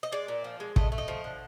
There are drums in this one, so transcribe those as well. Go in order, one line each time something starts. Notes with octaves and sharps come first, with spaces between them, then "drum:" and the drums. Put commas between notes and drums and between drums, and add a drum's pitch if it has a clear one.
D#5
G#3 D5
A#2
F3
G#3
A3 D#5, drum: kick
A3
D#5
F3
D3